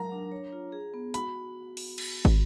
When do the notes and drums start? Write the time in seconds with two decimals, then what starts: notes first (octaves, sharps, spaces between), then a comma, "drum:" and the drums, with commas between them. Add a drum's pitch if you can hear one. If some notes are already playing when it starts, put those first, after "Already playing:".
Already playing: F#3 A#4 A#5
0.12 D4
0.32 C#5
0.53 F4
0.72 G#4
0.94 B3
1.14 F#4 B5, drum: hi-hat
1.77 drum: open hi-hat
1.98 drum: cymbal
2.25 drum: kick